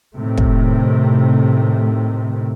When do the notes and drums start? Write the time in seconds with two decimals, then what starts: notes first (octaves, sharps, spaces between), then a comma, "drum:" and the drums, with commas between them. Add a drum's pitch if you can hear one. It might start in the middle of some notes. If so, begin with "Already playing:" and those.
0.17 A2 C3 D#3 A3
0.38 drum: kick